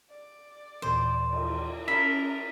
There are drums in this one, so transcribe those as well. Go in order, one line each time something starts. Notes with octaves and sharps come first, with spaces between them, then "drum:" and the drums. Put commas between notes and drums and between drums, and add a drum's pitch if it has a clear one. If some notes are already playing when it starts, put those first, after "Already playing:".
D5
D#2 A#2 E3 C5
drum: cymbal
C#4 A#4 E5 A5 B5 A6